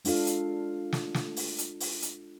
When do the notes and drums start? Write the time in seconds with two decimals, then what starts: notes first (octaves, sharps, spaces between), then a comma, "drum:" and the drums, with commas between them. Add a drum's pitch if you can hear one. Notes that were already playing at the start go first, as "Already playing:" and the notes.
0.05 G#3 D4 F4 A4 F5, drum: open hi-hat
0.27 drum: hi-hat
0.93 drum: snare
1.14 drum: snare
1.36 drum: open hi-hat
1.58 drum: hi-hat
1.80 drum: open hi-hat
2.02 drum: hi-hat